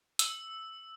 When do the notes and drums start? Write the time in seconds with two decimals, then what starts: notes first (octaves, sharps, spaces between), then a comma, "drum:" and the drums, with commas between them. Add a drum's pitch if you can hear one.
0.19 E6, drum: hi-hat